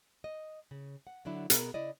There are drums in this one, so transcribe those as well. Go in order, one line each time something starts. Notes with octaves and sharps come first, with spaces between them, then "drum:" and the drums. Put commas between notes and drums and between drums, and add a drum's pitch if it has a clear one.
D#5
C#3
F#5
D3 F#3 D4 E4
B2 B3 G#4 A#4, drum: hi-hat
C#3 E4 D5 D#5